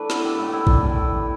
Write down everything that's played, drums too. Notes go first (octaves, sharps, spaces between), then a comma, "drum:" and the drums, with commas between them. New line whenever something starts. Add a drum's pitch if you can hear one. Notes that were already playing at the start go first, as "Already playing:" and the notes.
Already playing: E3 A3 D4 B4 D5
B3 E4 A4, drum: snare
G4
A2 E4
E4
G3, drum: kick A1
A2